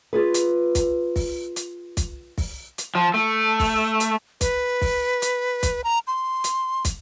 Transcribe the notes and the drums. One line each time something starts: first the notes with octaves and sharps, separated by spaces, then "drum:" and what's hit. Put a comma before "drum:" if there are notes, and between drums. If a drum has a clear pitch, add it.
F4 G#4 B4
drum: hi-hat
drum: kick, hi-hat
drum: kick, open hi-hat
drum: hi-hat
drum: kick, hi-hat
drum: kick, open hi-hat
drum: hi-hat
F3
A3
drum: kick, open hi-hat
drum: hi-hat
B4, drum: kick, hi-hat
drum: kick, open hi-hat
drum: hi-hat
drum: kick, hi-hat
A#5
C6
drum: hi-hat
drum: kick, hi-hat